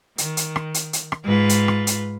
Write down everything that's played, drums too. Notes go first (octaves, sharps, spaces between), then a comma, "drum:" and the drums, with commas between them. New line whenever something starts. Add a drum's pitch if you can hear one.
D#3, drum: hi-hat
drum: hi-hat
drum: rim click
drum: hi-hat
drum: hi-hat
drum: rim click
G#2 F4 B4
drum: hi-hat
drum: rim click
drum: hi-hat